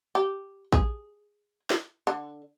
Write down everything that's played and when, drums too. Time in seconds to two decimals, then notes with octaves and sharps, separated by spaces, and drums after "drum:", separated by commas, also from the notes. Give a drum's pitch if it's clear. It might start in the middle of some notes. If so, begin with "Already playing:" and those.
0.15 G4
0.72 G#4, drum: kick A1
1.70 drum: snare
2.07 D3